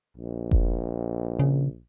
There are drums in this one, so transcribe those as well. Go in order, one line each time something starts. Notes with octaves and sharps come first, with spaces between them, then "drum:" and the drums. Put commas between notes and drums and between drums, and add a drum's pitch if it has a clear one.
A#1
drum: kick F1
C#3